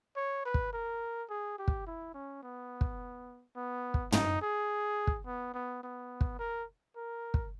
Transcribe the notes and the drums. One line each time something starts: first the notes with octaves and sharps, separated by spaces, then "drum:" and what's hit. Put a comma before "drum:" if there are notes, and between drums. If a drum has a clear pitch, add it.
C#5
B4
drum: kick
A#4
G#4
G4
drum: kick
E4
C#4
B3
drum: kick
B3
drum: kick
D#4, drum: tom
G#4
drum: kick
B3
B3
B3
drum: kick
A#4
A#4
drum: kick